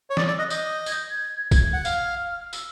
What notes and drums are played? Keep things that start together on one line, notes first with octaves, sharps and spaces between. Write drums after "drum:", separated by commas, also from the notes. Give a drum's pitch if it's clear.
C#5
D5 D#6, drum: snare
D5 E6
D#5 F#6
D#5 G6, drum: tambourine
G#6, drum: tambourine
G6
G#6
G#6, drum: kick, tambourine
F#5
F5 F6, drum: tambourine
E6, drum: tambourine